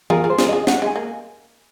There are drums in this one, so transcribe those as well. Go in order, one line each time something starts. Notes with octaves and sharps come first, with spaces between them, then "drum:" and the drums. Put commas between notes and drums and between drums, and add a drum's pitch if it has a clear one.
F4 G#4 A#4, drum: tom E3
F4 G#4
C5
F4 G#4, drum: snare
F4 G#4 D#5
D#4 F#4 F#5, drum: snare
G#3 G#5
A#3